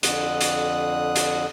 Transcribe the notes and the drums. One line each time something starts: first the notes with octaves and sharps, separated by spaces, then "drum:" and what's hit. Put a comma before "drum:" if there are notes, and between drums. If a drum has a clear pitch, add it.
F2 D3 D#6 F#6, drum: hi-hat
drum: hi-hat
drum: hi-hat